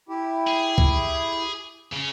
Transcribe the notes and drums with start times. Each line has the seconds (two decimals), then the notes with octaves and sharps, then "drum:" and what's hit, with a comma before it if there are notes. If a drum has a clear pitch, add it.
0.09 E4 G4
0.48 G#4
0.78 drum: kick C2
1.92 C#3 C#4